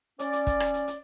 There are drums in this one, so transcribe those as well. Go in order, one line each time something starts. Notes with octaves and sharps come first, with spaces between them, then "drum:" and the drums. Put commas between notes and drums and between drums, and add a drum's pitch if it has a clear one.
C#4 D5, drum: hi-hat
drum: hi-hat
drum: kick, hi-hat
drum: rim click
drum: hi-hat
drum: hi-hat